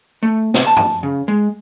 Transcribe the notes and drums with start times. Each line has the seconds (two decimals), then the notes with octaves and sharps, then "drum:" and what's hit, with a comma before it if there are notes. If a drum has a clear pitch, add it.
0.23 A3
0.54 C3, drum: snare
0.67 A5
0.76 drum: tom
1.03 C#3
1.28 G#3